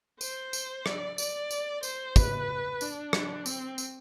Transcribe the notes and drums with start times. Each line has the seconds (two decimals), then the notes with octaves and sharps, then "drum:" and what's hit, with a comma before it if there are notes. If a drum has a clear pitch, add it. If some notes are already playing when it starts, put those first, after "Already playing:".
0.21 C5, drum: tambourine
0.53 drum: tambourine
0.86 D5, drum: rim click
1.18 D5, drum: tambourine
1.51 drum: tambourine
1.83 C5, drum: tambourine
2.16 B4, drum: kick, tambourine
2.81 D4, drum: tambourine
3.13 drum: rim click
3.46 C4, drum: tambourine
3.78 drum: tambourine